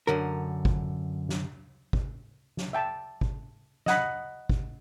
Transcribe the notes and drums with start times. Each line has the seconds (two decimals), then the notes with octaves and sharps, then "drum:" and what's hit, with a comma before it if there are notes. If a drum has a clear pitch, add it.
0.07 F#2 D3 A#4
0.65 drum: kick
1.29 drum: snare
1.93 drum: kick
2.57 drum: snare
2.73 E5 G5 A5
3.21 drum: kick
3.86 D#5 F#5 B5, drum: snare
4.50 drum: kick